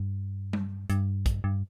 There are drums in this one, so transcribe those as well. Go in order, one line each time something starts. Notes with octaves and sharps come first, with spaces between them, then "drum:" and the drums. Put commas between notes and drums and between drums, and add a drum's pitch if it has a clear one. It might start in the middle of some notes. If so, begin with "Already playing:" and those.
Already playing: G2
drum: tom G3
G2, drum: hi-hat
drum: kick, hi-hat
G2